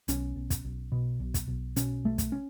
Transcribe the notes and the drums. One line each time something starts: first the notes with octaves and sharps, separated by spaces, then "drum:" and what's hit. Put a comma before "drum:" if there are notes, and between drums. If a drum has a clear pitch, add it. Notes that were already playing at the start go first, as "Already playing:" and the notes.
B1 C#4, drum: hi-hat
B1
drum: kick, hi-hat
B1
B2
B1
drum: kick, hi-hat
B1
B2 C#4, drum: hi-hat
B1 A3
drum: kick, hi-hat
C#4